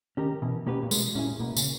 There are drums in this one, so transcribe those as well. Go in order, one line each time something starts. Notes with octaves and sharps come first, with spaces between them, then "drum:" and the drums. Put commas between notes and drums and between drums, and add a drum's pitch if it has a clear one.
D#3 C#4 G4 A#4
B2 E3
B2 A#3 C#4 G4 B4
A#2
B2 G#3, drum: tambourine
A#2 C#4 E4 G#4
B2 A#3
C#3, drum: tambourine